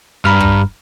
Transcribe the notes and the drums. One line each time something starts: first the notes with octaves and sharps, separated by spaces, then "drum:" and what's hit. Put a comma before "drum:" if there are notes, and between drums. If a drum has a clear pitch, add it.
G2 A#5 B5 F6
drum: kick